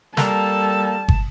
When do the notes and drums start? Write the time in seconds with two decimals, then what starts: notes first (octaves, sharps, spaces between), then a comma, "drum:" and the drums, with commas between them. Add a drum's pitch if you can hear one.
0.17 G3 A#3 A4 A#4 A5, drum: snare
1.08 drum: kick